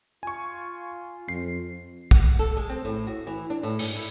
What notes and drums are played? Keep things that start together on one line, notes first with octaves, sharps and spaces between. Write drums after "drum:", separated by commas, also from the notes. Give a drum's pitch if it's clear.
F4 G#5 C#6
F2 C7
F#5, drum: kick
A4
G#3
C4
A2
F#4
E3
D4
A2
G#2, drum: open hi-hat
E4